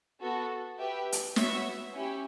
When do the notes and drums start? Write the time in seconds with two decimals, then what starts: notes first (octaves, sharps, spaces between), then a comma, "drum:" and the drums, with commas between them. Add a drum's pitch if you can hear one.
0.21 B3 F#4 A4
0.78 G4 B4 E5 G5
1.12 drum: hi-hat
1.36 B3 F#4 C#5 E5, drum: snare
1.94 C#4 E4 G4